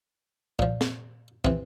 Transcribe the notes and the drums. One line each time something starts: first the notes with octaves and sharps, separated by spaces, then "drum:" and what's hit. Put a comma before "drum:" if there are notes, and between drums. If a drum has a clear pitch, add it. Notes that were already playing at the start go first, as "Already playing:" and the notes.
A#2 F3, drum: kick
drum: snare
C3 E3 C4, drum: kick